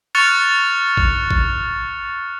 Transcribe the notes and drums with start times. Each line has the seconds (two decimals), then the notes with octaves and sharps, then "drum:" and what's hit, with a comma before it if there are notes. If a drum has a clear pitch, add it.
0.15 C#6 F6 F#6 A6 C#7 F7
0.97 drum: kick
1.31 drum: kick